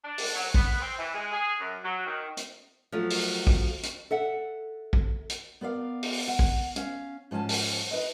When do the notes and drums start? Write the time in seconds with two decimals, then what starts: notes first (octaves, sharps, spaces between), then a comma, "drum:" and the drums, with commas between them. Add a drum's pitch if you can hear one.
0.04 D4
0.18 drum: open hi-hat
0.35 F#3
0.54 B3, drum: kick
0.81 C4
0.98 E3
1.14 G#3
1.32 G#4
1.59 F#2
1.83 F#3
2.05 D#3
2.37 drum: hi-hat
2.92 F3 F#3 A3 C4
3.10 drum: open hi-hat
3.47 drum: kick
3.83 drum: hi-hat
4.11 A4 E5 F#5
4.93 drum: kick
5.29 drum: hi-hat
5.61 B3 A#4 D5 F5
6.03 drum: open hi-hat
6.28 F#5
6.39 drum: kick
6.76 C#4 F5, drum: hi-hat
7.31 G#2 F3 C#4 G#5 A5
7.49 drum: open hi-hat
7.91 E4 B4 D#5